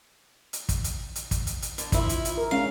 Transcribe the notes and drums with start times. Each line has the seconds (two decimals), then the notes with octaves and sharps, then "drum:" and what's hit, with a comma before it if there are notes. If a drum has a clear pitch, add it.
0.53 drum: hi-hat
0.69 drum: kick, hi-hat
0.84 drum: hi-hat
1.16 drum: hi-hat
1.31 drum: kick, hi-hat
1.47 drum: hi-hat
1.62 drum: hi-hat
1.78 D3, drum: hi-hat
1.92 F3 E4, drum: kick, hi-hat
2.09 drum: hi-hat
2.25 drum: hi-hat
2.37 A#4
2.51 G#3 C#4 D4 F5